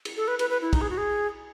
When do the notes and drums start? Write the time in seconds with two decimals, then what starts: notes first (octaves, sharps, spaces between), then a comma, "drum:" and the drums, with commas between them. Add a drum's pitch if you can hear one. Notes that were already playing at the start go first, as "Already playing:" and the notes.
0.05 drum: cymbal
0.17 A4
0.28 B4
0.39 B4, drum: cymbal
0.50 B4
0.61 E4
0.73 D#4, drum: kick, cymbal
0.81 G#4
0.90 F#4
0.98 G#4